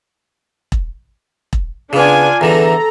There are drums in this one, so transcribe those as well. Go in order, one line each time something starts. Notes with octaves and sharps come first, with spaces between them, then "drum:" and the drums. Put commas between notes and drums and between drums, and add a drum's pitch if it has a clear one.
drum: kick E1
drum: kick E1
C#3 B3 D4 F4 G#5
E2 D3 E3 A4 A#5